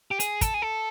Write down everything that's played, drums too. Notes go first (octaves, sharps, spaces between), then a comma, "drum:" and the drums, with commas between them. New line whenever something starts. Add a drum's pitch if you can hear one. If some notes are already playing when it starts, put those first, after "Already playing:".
G4
G#4, drum: hi-hat
A4, drum: kick, hi-hat
G#4
A4